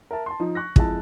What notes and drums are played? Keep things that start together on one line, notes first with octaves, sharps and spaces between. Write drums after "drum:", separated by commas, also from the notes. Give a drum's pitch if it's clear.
A#4 E5 A5
A5 C6
F3 D#4
C#6 F#6 A#6
F2 G#3 E4 A5, drum: kick